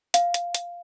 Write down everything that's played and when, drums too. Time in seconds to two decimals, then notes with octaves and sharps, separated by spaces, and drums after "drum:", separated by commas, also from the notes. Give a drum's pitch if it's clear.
0.14 F5, drum: hi-hat
0.34 drum: hi-hat
0.55 drum: hi-hat